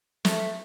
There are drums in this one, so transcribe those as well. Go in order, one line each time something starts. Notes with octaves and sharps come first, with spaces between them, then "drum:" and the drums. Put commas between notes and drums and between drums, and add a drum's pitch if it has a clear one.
A3, drum: snare